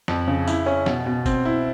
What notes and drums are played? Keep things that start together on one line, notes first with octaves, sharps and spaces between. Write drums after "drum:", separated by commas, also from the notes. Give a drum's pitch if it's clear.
F2, drum: snare
C#3
E4, drum: tambourine
C#4
B2, drum: snare
B2
C4, drum: kick F1, tambourine
E4